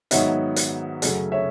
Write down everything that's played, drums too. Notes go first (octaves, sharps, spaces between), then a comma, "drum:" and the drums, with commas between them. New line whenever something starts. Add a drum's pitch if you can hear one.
G#2 D#3 F#3 B3 D#4 C#5 E5, drum: hi-hat
drum: hi-hat
F#2 C#3 F#3 A3 C#4, drum: hi-hat
C#5 E5